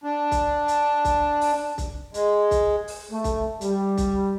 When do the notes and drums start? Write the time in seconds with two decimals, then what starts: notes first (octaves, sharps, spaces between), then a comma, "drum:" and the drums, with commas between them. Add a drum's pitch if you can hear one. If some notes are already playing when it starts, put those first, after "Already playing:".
0.04 D4
0.31 drum: kick, hi-hat
0.68 drum: hi-hat
1.05 drum: kick, hi-hat
1.41 drum: open hi-hat
1.78 drum: kick, hi-hat
2.14 G#3, drum: hi-hat
2.51 drum: kick, hi-hat
2.88 drum: open hi-hat
3.11 A3
3.24 drum: kick, hi-hat
3.61 G3, drum: hi-hat
3.97 drum: kick, hi-hat